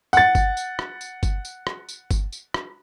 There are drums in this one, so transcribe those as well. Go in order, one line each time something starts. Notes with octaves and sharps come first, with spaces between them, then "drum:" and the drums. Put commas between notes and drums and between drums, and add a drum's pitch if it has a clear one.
F#5 A6, drum: tambourine
drum: kick G1, tambourine
drum: tambourine
drum: rim click
drum: tambourine
drum: kick G1, tambourine
drum: tambourine
drum: rim click
drum: tambourine
drum: kick G1, tambourine
drum: tambourine
drum: rim click